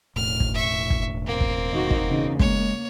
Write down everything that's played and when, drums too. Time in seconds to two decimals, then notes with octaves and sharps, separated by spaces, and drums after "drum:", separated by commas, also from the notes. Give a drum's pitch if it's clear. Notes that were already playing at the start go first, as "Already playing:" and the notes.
0.16 E1 A2 F6
0.40 drum: kick
0.54 E5 C#6
0.90 drum: kick
1.26 A#3 C4
1.40 drum: kick
1.71 D#3 D#4 F#4
1.91 drum: kick
2.07 E2 C#3 D#4
2.39 G#3 A#3 C#5, drum: kick